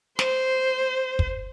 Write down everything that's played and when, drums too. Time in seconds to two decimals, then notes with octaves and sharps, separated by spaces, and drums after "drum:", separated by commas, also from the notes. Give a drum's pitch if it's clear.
0.19 C5, drum: snare
1.19 drum: kick